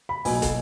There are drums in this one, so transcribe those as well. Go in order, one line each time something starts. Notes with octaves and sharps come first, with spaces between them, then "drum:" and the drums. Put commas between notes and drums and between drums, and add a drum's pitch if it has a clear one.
B5
B1 A#2 F#3 G#5, drum: open hi-hat
drum: kick, hi-hat